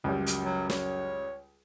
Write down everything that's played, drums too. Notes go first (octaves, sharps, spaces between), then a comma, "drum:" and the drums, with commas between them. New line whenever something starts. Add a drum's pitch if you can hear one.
C#2 F#2 G3
drum: hi-hat
F#3
C#5, drum: snare